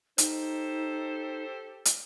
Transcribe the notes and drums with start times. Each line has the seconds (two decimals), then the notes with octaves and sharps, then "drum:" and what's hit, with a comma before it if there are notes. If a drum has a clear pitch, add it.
0.18 D#4 G4 A4 C5, drum: hi-hat
1.85 drum: hi-hat